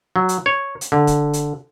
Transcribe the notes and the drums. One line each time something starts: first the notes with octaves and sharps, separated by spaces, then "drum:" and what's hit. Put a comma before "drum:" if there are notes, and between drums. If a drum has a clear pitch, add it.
F#3
drum: hi-hat
C#5
drum: hi-hat
D3
drum: kick, hi-hat
drum: hi-hat